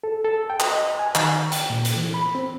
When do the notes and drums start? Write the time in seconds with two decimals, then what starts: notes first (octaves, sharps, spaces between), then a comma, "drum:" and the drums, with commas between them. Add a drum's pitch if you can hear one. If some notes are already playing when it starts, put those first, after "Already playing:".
0.04 A4
0.25 A4
0.50 G5
0.60 drum: clap
0.72 D#5
0.99 G#5
1.15 D#3, drum: clap
1.52 G5, drum: hi-hat
1.70 A#2
1.85 drum: hi-hat
1.96 E3
2.14 B5
2.35 C4